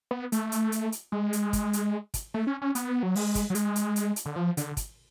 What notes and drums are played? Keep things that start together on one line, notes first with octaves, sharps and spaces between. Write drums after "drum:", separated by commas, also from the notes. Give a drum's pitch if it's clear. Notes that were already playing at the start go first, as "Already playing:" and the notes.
B3
A3, drum: hi-hat
drum: hi-hat
drum: hi-hat
drum: hi-hat
G#3
drum: hi-hat
drum: kick, hi-hat
drum: hi-hat
drum: kick, hi-hat
A3
C#4
C#4
B3, drum: hi-hat
F#3
G#3, drum: open hi-hat
drum: kick, hi-hat
F#3
G#3, drum: hi-hat
drum: hi-hat
drum: hi-hat
drum: hi-hat
D3
F3
D3, drum: hi-hat
drum: kick, hi-hat